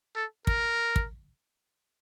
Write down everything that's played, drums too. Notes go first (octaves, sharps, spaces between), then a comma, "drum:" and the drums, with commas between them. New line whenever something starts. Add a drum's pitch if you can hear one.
A4
A#4, drum: kick
drum: kick